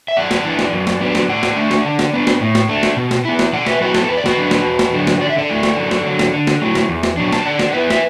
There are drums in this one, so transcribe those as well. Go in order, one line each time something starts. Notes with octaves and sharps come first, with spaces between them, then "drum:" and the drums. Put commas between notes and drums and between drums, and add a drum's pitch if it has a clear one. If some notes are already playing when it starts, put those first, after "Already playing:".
E5
F#2 D5 F#5
drum: snare
E3 D4
drum: snare
F#2
drum: snare
F#3 B3 D4
drum: snare
A2 D5 F#5
drum: snare
A3 D4
drum: snare
D3
drum: snare
B3 D4
drum: snare
A2
drum: snare
A3 D4
drum: snare
B2
drum: snare
B3 E4
drum: snare
B2 D5 F#5
B4 E5, drum: snare
F#3 B3 E4 F#4 B4
A4, drum: snare
E2 B4
D5
F#4 B4, drum: snare
D3 F#3 D4
drum: snare
E2
drum: snare
D3 F#3 D4
drum: snare
D3 D5
E5
A4 D5
A3 E4
drum: snare
F#2
drum: snare
D3 F#3
drum: snare
D3
drum: snare
F#3 A3 E4
drum: snare
E2
drum: snare
B2 F#3 D4
A5, drum: snare
D3 D5 F#5
drum: snare
B3 E4 B4 E5
E5, drum: snare